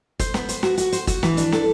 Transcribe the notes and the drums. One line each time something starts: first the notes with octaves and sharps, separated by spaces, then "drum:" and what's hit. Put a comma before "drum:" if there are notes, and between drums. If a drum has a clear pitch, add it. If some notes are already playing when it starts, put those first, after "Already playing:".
C5, drum: kick, hi-hat
B3, drum: snare
C5, drum: hi-hat
F#4, drum: snare
F#4, drum: hi-hat
C5, drum: hi-hat
F#4, drum: kick, hi-hat
E3, drum: snare
D4, drum: hi-hat
A4, drum: snare